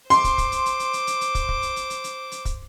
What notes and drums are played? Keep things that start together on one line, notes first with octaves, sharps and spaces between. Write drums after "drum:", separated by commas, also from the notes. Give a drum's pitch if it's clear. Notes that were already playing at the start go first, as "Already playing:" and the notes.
C5 C6 D6, drum: hi-hat
drum: kick, hi-hat
drum: kick, hi-hat
drum: hi-hat
drum: hi-hat
drum: hi-hat
drum: hi-hat
drum: hi-hat
drum: hi-hat
drum: kick, hi-hat
drum: kick
drum: hi-hat
drum: hi-hat
drum: hi-hat
drum: hi-hat
drum: hi-hat
drum: kick, hi-hat